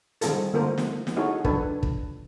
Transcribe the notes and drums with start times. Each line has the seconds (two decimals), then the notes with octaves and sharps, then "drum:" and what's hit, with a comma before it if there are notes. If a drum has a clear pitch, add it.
0.21 D#3 G3 C4 F4 G#4 A4, drum: hi-hat
0.53 D3 A3 A#3 F4 A#4 C5
0.78 drum: snare
1.07 drum: snare
1.16 D#4 E4 F#4 G#4 A4 C#5
1.45 F3 D4 A4 B4, drum: kick
1.83 drum: kick